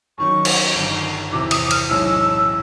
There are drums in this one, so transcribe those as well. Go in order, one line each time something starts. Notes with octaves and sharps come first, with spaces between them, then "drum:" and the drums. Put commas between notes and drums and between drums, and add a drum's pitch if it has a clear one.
F#2 D#3 F#3 C#6
drum: cymbal
G1 G2 D#3
E2 C3 E3 D6
D#6, drum: cymbal
F6, drum: cymbal
B1 A2 E3 G#3 C#4 E6